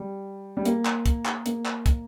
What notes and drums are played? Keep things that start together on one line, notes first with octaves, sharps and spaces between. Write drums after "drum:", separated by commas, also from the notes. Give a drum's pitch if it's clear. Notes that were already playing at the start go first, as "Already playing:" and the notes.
Already playing: G3
G3
A#3, drum: hi-hat
drum: clap
drum: kick, hi-hat
drum: clap
A#3, drum: hi-hat
drum: clap
drum: kick, hi-hat